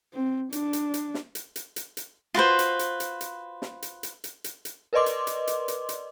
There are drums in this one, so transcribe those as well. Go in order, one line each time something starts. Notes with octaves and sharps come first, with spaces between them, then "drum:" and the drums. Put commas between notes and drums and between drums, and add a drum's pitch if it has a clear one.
C4
D4, drum: hi-hat
drum: hi-hat
drum: hi-hat
drum: snare
drum: hi-hat
drum: hi-hat
drum: hi-hat
drum: hi-hat
F4 F#4 B4 C5
drum: hi-hat
drum: hi-hat
drum: hi-hat
drum: hi-hat
drum: snare
drum: hi-hat
drum: hi-hat
drum: hi-hat
drum: hi-hat
drum: hi-hat
A#4 B4 D5 D#5 C6 D6
drum: hi-hat
drum: hi-hat
drum: hi-hat
drum: hi-hat
drum: hi-hat